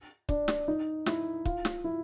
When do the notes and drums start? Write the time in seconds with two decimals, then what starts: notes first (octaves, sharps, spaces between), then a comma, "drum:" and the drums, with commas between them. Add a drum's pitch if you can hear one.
0.29 D4, drum: kick
0.48 drum: snare
0.68 D#4
1.06 E4, drum: snare
1.45 F4, drum: kick
1.65 drum: snare
1.84 E4